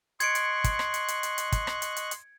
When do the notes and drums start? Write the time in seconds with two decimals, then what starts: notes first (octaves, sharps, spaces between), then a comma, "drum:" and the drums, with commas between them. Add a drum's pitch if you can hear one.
0.20 D#5 C6 C#6 F#6 G#6 C#7 D7, drum: hi-hat
0.35 drum: hi-hat
0.64 drum: kick, hi-hat
0.79 drum: rim click
0.94 drum: hi-hat
1.08 drum: hi-hat
1.23 drum: hi-hat
1.38 drum: hi-hat
1.52 drum: kick, hi-hat
1.67 drum: rim click
1.82 drum: hi-hat
1.96 drum: hi-hat
2.11 drum: hi-hat